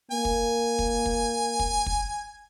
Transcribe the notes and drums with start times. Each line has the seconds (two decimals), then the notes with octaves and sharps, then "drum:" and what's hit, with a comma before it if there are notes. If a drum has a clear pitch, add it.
0.12 A#3 G#5
0.25 drum: kick
0.79 drum: kick
1.06 drum: kick
1.60 drum: kick
1.86 drum: kick